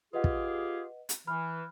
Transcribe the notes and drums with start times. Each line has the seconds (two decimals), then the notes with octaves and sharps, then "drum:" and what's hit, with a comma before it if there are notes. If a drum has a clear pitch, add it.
0.13 F4 G4 G#4 B4 D#5 F#5
0.24 drum: kick
1.09 drum: hi-hat
1.27 E3 B5 F6